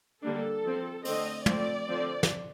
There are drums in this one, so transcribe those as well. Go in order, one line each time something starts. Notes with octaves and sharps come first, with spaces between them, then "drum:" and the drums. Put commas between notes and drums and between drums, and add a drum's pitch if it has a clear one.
D3 G3 A#3 D4 A4
F3 C4
D3 A3 C4 D#5, drum: open hi-hat
F3 A3 C4 D5, drum: tom
D3 F3 C4
drum: snare